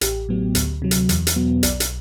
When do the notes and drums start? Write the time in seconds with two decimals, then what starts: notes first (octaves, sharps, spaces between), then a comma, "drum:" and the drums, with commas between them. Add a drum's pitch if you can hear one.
0.01 A1 G4, drum: hi-hat
0.29 A2 F#3 B3
0.55 D2, drum: hi-hat
0.82 C3 F#3
0.91 drum: hi-hat
1.09 E2, drum: hi-hat
1.27 drum: hi-hat
1.36 B2 F#3 B3
1.63 B1 D5, drum: hi-hat
1.80 drum: hi-hat